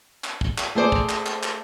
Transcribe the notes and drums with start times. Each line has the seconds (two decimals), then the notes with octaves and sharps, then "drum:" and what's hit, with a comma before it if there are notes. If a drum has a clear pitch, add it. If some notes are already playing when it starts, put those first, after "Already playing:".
0.24 drum: clap
0.41 drum: kick
0.58 drum: clap
0.75 A3 G#4 C5 D5
0.92 drum: kick
1.09 drum: clap
1.26 drum: clap
1.43 drum: clap